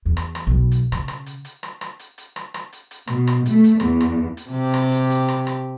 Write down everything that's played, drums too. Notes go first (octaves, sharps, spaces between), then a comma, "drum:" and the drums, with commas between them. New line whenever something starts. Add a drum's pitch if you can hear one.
E2
drum: rim click
drum: rim click
B1
drum: hi-hat
C#3, drum: rim click
drum: rim click
drum: hi-hat
drum: hi-hat
drum: rim click
drum: rim click
drum: hi-hat
drum: hi-hat
drum: rim click
drum: rim click
drum: hi-hat
drum: hi-hat
B2, drum: rim click
drum: rim click
A3, drum: hi-hat
drum: hi-hat
E2, drum: rim click
drum: rim click
drum: hi-hat
C3 G4
drum: rim click
drum: hi-hat
drum: hi-hat
drum: rim click
drum: rim click